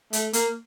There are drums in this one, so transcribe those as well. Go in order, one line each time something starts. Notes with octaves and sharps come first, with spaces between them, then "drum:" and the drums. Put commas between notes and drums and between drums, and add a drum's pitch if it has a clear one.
A3, drum: hi-hat
A#3, drum: hi-hat